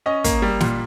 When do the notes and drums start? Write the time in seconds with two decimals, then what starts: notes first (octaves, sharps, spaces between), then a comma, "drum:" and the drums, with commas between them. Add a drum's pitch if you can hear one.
0.06 C#4 D#5
0.24 A#3, drum: kick, hi-hat
0.42 G3
0.60 A#2, drum: snare